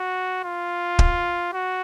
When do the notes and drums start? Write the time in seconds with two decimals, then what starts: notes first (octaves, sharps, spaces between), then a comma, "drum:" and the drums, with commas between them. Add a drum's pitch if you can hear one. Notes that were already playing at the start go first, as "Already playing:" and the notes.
Already playing: F#4
0.44 F4
0.99 drum: kick
1.53 F#4